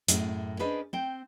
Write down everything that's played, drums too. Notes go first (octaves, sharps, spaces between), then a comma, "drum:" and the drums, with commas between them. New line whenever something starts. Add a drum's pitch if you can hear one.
F#2 A2 G#4, drum: hi-hat
C#4 D4 G#4 B4 C5 D#5
C4 G5